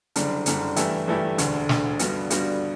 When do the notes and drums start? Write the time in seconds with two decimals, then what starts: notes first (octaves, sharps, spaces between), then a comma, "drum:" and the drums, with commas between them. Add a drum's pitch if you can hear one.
0.16 F#1 F#2 D3 G3, drum: hi-hat
0.46 F#1 F#2 D3 G3, drum: hi-hat
0.76 G2 E3 A3 E4 G4, drum: hi-hat
1.07 G2 E3 A3 E4 G4
1.38 E1 D2 D3, drum: hi-hat
1.69 E1 D2 D3, drum: snare
1.99 G2 D3 G3 B3 F#4, drum: hi-hat
2.30 G2 D3 G3 B3 F#4, drum: hi-hat